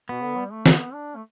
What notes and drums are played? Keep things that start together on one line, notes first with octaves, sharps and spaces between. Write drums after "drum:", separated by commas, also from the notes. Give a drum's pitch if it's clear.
B2 B3
D3
G3
A3
B3, drum: snare
D4
A3